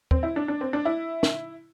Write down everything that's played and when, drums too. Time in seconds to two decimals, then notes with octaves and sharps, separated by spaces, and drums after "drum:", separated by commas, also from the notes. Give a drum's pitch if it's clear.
0.11 C4, drum: kick
0.23 E4
0.36 D4
0.48 D4
0.61 C4
0.73 D4
0.85 E4
1.23 drum: snare